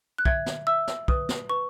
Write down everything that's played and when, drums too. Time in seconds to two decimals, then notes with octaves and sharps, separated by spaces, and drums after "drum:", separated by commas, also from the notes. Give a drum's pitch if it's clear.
0.18 F#6
0.25 E5 G#6, drum: kick
0.46 drum: snare
0.67 E5 E6
0.88 drum: snare
1.08 B4 D#6, drum: kick
1.29 drum: snare
1.49 B4 C#6